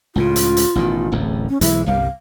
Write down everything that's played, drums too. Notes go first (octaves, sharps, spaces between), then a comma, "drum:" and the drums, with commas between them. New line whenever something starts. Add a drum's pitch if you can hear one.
C#2 A2 C#3 F4
drum: hi-hat
drum: hi-hat
A1 B2 D#3
D1 A1 E2
C#4
B1 E3 G#3 E4, drum: hi-hat
G1 C2 G3 F5